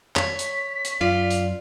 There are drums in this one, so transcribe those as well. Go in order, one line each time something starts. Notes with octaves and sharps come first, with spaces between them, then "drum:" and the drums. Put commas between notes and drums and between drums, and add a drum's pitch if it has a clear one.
C#5 B6, drum: clap
drum: hi-hat
drum: hi-hat
F#2 F4 D5
drum: hi-hat